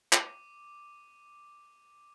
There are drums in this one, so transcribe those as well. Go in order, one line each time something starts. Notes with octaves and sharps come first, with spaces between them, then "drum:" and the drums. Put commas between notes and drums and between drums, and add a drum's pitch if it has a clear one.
D6 D#7, drum: clap